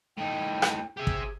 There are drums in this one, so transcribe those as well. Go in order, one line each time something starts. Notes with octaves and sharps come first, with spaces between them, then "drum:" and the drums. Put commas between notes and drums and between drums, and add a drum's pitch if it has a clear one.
A2 D#4 G5
drum: rim click
G4 G#4 E5
drum: kick